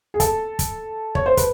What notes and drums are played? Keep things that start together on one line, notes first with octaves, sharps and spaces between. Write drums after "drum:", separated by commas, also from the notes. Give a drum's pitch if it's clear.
G#4
A4, drum: kick, hi-hat
drum: kick, hi-hat
C#5, drum: kick
C5
B4, drum: kick, hi-hat